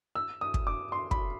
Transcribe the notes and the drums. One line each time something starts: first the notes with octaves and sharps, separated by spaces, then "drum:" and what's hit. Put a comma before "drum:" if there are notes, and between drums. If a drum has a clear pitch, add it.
E6
D#6
drum: kick
D6
C6
B5, drum: kick